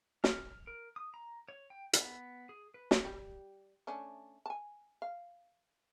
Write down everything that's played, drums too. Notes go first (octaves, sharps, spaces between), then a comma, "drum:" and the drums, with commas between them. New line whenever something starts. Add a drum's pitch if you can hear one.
F6, drum: snare
A#4
D#6
A#5
C#5
G5
B3, drum: hi-hat
G#4
B4
drum: snare
G3
A3 C#4 D4
G#5 A5
F5